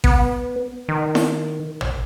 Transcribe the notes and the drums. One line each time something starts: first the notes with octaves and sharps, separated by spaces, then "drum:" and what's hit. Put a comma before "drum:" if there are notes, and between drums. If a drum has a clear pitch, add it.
B3, drum: kick A1
D#3
drum: snare E4
drum: tom